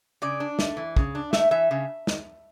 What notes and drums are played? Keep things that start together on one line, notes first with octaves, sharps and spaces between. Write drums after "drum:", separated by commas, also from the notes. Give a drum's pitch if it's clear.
C#3 D5
D4
A3, drum: snare
E3
C#3, drum: kick
D4
A3 E5, drum: snare
E3 E5
C#3
drum: snare